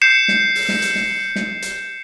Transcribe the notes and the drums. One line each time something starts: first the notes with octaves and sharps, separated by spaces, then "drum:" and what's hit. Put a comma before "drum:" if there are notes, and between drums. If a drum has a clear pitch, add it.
G6 C7 C#7 E7
drum: snare
drum: open hi-hat
drum: snare
drum: hi-hat
drum: snare
drum: snare
drum: hi-hat